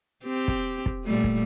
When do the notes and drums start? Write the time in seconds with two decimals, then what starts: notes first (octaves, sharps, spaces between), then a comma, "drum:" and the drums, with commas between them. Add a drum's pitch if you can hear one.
0.24 C4 G4
0.48 drum: kick
0.86 drum: kick
1.05 A#2 G3 A3
1.24 drum: kick